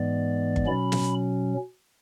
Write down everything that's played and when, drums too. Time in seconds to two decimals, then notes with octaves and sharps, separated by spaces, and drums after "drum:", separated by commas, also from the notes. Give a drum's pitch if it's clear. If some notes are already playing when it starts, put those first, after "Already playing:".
Already playing: G#2 E3 G#3 B3 D5
0.56 drum: kick G1
0.66 B2 F#3 C#4 B5
0.92 drum: snare